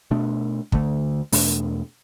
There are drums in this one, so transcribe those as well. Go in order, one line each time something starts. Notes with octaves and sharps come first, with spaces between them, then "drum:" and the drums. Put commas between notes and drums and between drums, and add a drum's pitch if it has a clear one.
B2 A3 D4
D2 D3 A3, drum: kick
E2 B2 A3 D4, drum: open hi-hat